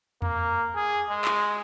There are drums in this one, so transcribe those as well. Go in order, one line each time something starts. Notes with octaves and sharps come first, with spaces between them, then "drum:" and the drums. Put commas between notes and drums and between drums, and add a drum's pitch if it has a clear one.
A#3, drum: tom E2
G#4
G#3
drum: clap